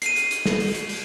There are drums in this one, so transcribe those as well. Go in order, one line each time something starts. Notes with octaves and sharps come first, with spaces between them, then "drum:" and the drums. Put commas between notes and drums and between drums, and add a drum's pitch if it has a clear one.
C7 D#7, drum: hi-hat
drum: hi-hat
drum: hi-hat
drum: snare
drum: open hi-hat
drum: hi-hat
drum: open hi-hat